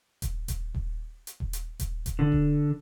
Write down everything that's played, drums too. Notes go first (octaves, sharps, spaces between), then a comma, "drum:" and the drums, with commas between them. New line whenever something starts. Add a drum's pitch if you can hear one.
drum: kick D#1, hi-hat
drum: kick D#1, hi-hat
drum: kick D#1
drum: hi-hat
drum: kick D#1
drum: hi-hat
drum: kick D#1, hi-hat
drum: kick D#1, hi-hat
D3
drum: kick D#1